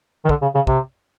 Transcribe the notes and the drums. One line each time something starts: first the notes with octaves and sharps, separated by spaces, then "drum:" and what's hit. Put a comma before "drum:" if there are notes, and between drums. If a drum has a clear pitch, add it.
D#3
D3, drum: kick
C#3
C#3
C3, drum: kick